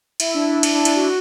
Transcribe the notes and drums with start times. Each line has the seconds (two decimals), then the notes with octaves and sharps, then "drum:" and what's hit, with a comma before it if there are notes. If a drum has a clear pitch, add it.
0.20 E4, drum: cymbal
0.34 D4
0.49 E4
0.63 E4, drum: cymbal
0.75 D4
0.85 E4, drum: cymbal
0.96 F#4